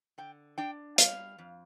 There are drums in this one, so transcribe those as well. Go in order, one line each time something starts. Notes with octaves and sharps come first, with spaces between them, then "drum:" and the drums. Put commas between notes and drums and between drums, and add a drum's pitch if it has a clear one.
D3 G5
D4 G5
G3 F5, drum: hi-hat
F2